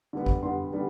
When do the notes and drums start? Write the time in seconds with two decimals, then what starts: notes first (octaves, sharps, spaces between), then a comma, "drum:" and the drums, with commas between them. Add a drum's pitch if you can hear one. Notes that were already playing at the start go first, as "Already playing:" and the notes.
0.13 D3 G3 B3
0.26 drum: kick
0.43 D3 G3 B3 C6
0.73 D3 G3 B3